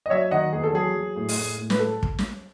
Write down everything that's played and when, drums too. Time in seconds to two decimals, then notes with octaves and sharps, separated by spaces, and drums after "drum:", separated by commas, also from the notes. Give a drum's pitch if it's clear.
0.06 D#5
0.10 F#3 C#5 E5
0.31 D#3 D#5 F#5
0.53 E2 G#4
0.64 A4
0.73 F#3 G#4
0.96 F#3
1.16 A2
1.29 drum: open hi-hat
1.38 A2
1.58 A2
1.70 B4, drum: snare
1.79 A4
2.03 drum: kick
2.19 drum: snare